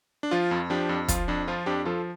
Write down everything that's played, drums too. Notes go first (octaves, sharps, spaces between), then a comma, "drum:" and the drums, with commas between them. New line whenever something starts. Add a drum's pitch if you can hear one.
D4
F3 F4
F2
F3 D4 G4
F2
F3 F4, drum: kick, hi-hat
F2 D4
F3 F4
F2 D4 G4
F3 F4 A4